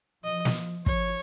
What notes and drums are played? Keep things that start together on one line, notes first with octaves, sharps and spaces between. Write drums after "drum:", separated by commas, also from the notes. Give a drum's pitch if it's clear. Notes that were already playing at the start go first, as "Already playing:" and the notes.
F3 D#5
drum: snare
F3
F3 C#5, drum: kick